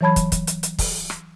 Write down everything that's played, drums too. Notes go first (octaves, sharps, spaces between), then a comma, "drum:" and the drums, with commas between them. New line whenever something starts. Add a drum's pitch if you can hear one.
E3 F#3 C#5 A5 B5 G#6
drum: kick, hi-hat
drum: kick, hi-hat
drum: hi-hat
drum: hi-hat
drum: kick, open hi-hat
drum: rim click